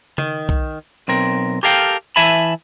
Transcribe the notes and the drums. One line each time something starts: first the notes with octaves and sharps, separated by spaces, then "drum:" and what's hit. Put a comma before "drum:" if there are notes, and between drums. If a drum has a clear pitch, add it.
D#3, drum: tom
drum: kick
B1 C4 A#4
G4 A4 A#4 F5 G5
E3 E4 E5 G#5 A5 B5